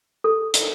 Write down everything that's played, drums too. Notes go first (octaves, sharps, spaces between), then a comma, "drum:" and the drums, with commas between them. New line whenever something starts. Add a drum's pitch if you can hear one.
A4
drum: hi-hat